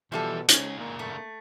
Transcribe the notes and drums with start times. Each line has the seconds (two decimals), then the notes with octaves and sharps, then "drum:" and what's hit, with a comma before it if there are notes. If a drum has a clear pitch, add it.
0.12 B2 E3 F3 G3 A4 E5
0.48 C#2 C#4 D#4 G#4, drum: hi-hat
0.79 A#2 C#3 A#3
0.99 A3